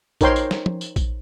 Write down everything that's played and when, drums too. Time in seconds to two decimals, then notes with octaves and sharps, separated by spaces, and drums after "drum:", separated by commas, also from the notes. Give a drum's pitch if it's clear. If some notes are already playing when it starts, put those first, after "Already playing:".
0.21 D#4 A#4 C5 C#5 G5 C6, drum: kick A#1, tambourine
0.36 drum: tambourine
0.51 drum: snare
0.66 drum: tom
0.81 drum: tambourine
0.96 drum: kick A#1, tambourine